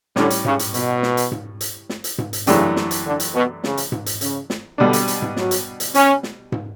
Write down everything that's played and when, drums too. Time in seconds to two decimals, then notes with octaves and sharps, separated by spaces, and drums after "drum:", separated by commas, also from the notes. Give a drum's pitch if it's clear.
0.16 A2 D3 G3 C#4, drum: snare
0.30 drum: hi-hat
0.45 C#3, drum: tom G#2
0.59 drum: hi-hat
0.74 B2, drum: hi-hat
1.03 drum: snare
1.17 drum: hi-hat
1.32 drum: tom G#2
1.61 drum: hi-hat
1.89 drum: snare
2.04 drum: hi-hat
2.18 drum: tom G#2
2.33 drum: hi-hat
2.47 F#2 C#3 E3 A3 D4 G4, drum: hi-hat
2.76 drum: snare
2.91 drum: hi-hat
3.05 D3
3.20 drum: hi-hat
3.34 B2
3.64 C#3, drum: snare
3.77 drum: hi-hat
3.92 drum: tom G#2
4.06 drum: hi-hat
4.21 C#3, drum: hi-hat
4.50 drum: snare
4.78 B2 D3 G3 D4
4.93 drum: hi-hat
5.08 drum: hi-hat
5.22 drum: tom G#2
5.36 F#3, drum: snare
5.51 drum: hi-hat
5.80 drum: hi-hat
5.94 C#4, drum: hi-hat
6.23 drum: snare
6.52 drum: tom G#2